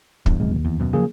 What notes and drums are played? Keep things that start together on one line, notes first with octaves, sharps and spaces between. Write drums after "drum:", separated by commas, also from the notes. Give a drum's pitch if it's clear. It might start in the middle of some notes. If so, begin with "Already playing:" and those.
E2 G2, drum: kick
D1 B1 F2 G#3
D#2
E2
F#2 B2
C#3 F3 F#3 A#3 G#4